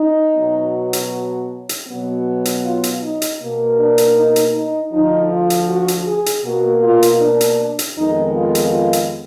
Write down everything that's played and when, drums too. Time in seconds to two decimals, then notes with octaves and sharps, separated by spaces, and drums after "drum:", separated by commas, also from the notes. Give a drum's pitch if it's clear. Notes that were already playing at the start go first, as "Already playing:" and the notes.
Already playing: D#4
0.37 B2 F#3 B3
0.93 drum: hi-hat
1.69 drum: hi-hat
1.88 B2 F#3 B3
2.45 drum: hi-hat
2.65 F4
2.84 drum: hi-hat
3.02 D#4
3.22 drum: hi-hat
3.41 B2 A#3
3.79 D4
3.98 drum: hi-hat
4.17 D#4
4.36 drum: hi-hat
4.54 D#4
4.93 D2 D3 F3 D#4
5.31 F4
5.50 drum: hi-hat
5.69 F#4
5.88 drum: hi-hat
6.07 G#4
6.26 drum: hi-hat
6.45 B2 A#3 F#4
6.83 F4
7.02 drum: hi-hat
7.21 D4
7.41 drum: hi-hat
7.79 drum: hi-hat
7.98 F2 D#3 G#3 B3 D#4
8.36 F4
8.55 drum: hi-hat
8.74 F4
8.93 drum: hi-hat